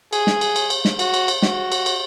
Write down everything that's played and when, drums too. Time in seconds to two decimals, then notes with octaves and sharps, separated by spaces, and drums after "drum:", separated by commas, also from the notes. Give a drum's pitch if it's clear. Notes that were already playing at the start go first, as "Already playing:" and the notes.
0.13 G#4, drum: cymbal
0.27 drum: snare
0.41 drum: cymbal
0.56 drum: cymbal
0.70 drum: cymbal
0.85 drum: snare
0.99 F#4, drum: cymbal
1.14 drum: cymbal
1.28 drum: cymbal
1.42 F#4, drum: snare
1.72 drum: cymbal
1.86 drum: cymbal